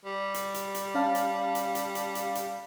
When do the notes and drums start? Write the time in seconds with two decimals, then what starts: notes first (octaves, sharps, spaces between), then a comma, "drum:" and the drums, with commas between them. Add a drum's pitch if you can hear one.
0.05 G3
0.34 drum: hi-hat
0.54 drum: hi-hat
0.75 drum: hi-hat
0.95 C#4 F5 A5
1.15 drum: hi-hat
1.55 drum: hi-hat
1.75 drum: hi-hat
1.95 drum: hi-hat
2.15 drum: hi-hat
2.35 drum: hi-hat